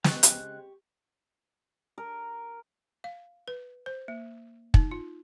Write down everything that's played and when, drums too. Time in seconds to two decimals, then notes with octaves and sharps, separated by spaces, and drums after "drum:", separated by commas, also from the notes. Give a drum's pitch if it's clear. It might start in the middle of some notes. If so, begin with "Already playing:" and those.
0.04 C#3 G#3 C4 G4 C#6 F#6, drum: snare
0.23 drum: hi-hat
1.98 A#4
3.04 F5
3.48 B4
3.86 C5
4.08 A#3
4.74 D#4, drum: kick
4.91 F4